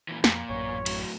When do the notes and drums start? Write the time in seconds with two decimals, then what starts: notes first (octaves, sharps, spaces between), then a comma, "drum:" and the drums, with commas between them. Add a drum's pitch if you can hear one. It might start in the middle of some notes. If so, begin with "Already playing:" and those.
0.09 A#2 E3
0.24 F2 A#2, drum: snare
0.50 A1 F#2 C#5
0.86 A2 F#3, drum: cymbal